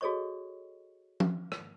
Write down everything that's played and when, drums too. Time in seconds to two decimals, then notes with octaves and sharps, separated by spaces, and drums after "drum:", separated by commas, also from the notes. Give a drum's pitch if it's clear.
0.01 F#4 G#4 A4 C#5 D#5 C#6
1.20 drum: tom F3
1.52 drum: rim click